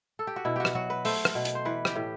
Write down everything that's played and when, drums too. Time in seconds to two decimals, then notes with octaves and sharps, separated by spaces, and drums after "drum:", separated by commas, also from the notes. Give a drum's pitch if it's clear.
0.19 A4
0.27 G4
0.36 F#4
0.45 B2 E4
0.56 F#4 G4
0.65 drum: rim click
0.75 F#3 F#4
0.90 B4
1.05 A3 C5, drum: open hi-hat
1.25 drum: rim click
1.35 B2
1.45 drum: hi-hat
1.55 C5
1.65 E3 B4
1.85 G4, drum: rim click
1.95 A2